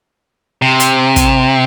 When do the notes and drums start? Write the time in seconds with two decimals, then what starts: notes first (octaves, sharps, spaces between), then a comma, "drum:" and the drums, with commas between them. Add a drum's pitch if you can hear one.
0.62 C3
0.80 drum: hi-hat
1.16 drum: kick, hi-hat